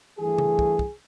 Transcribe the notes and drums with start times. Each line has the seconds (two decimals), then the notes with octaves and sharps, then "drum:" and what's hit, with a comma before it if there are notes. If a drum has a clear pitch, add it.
0.18 G2 E3 A3 G#4
0.38 drum: tom C#3
0.59 drum: kick
0.79 drum: kick